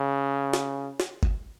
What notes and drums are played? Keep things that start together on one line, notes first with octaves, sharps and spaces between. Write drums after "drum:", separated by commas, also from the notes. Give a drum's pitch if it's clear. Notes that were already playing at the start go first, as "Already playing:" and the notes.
Already playing: C#3
drum: snare
drum: snare
drum: kick G1